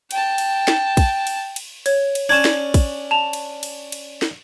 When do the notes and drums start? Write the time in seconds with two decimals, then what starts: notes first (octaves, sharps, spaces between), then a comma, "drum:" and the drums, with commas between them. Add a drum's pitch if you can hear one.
0.11 G5 A5, drum: cymbal
0.38 drum: cymbal
0.68 drum: snare
0.97 drum: kick, cymbal
1.27 drum: cymbal
1.56 drum: cymbal
1.86 C#5, drum: cymbal
2.15 drum: cymbal
2.29 C#4 D4 G#6 E7
2.45 drum: snare
2.74 drum: kick, cymbal
3.11 A5 F7
3.33 drum: cymbal
3.63 drum: cymbal
3.92 drum: cymbal
4.22 drum: snare